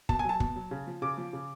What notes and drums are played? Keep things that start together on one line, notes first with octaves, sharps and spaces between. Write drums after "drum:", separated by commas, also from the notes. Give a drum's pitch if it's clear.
B2 A5, drum: kick
G#5
F#3 A5
B2, drum: kick
F#3
C#3
F3
C#3 D6
F3
C#3